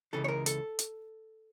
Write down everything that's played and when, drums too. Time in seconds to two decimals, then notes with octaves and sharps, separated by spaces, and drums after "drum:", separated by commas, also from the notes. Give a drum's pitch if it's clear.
0.13 C#2 C#3 E3 A4
0.24 C#5
0.28 A#4
0.46 A4, drum: hi-hat
0.79 drum: hi-hat